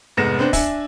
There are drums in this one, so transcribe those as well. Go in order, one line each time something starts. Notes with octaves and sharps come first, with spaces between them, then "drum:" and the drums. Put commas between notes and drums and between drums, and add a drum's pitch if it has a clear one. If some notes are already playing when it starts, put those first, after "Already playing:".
F1 G#2 B3 A#6 E7
B3 C4 D4 C5
D4 E5 G#5, drum: kick, open hi-hat